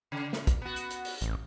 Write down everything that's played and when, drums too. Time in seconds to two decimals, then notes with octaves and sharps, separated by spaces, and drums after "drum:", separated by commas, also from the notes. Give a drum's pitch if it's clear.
0.12 C#3
0.33 drum: snare
0.47 drum: kick, hi-hat
0.62 B3 F#4
0.76 drum: hi-hat
0.90 drum: hi-hat
1.05 drum: open hi-hat
1.21 A1, drum: hi-hat